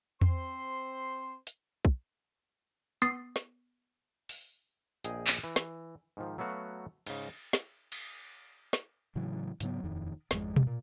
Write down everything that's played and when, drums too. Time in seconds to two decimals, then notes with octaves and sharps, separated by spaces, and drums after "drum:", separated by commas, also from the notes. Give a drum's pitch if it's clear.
0.21 C4 C5 C6, drum: tom E2
1.47 drum: hi-hat
1.85 drum: kick
3.02 B3 D#6 A6 C7, drum: hi-hat
3.36 drum: snare
4.29 drum: open hi-hat
5.04 A#1 G#4 D#5 G5, drum: hi-hat
5.27 drum: clap
5.43 E3
5.56 drum: snare
6.17 G#2 D#3 F3
6.38 F#3 A3 B3 F#4 F5
7.06 G#2 C#3, drum: cymbal
7.53 drum: snare
7.92 drum: cymbal
8.73 drum: snare
9.15 A2 C#3 E3 F#3
9.60 G#2 C#3 F#3 B3, drum: hi-hat
9.83 D#1 F2 D#3
10.31 G#1 F2 G#3, drum: snare
10.56 drum: tom B2
10.67 A#2